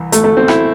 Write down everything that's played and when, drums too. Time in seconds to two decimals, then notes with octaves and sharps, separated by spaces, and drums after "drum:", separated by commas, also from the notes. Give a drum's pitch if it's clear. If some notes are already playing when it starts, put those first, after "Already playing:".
Already playing: C2 E3
0.12 A3, drum: hi-hat
0.24 A3
0.37 C4
0.48 E4, drum: rim click